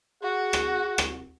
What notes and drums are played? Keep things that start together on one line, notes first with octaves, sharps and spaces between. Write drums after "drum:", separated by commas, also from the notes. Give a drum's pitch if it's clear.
F#4 G#4 F#5
drum: rim click
drum: rim click